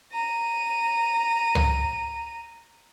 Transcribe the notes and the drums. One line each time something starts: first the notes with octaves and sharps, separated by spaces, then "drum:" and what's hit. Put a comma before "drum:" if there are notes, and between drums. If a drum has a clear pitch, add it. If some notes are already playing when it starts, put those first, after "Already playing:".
A#5 D#7
drum: tom C#2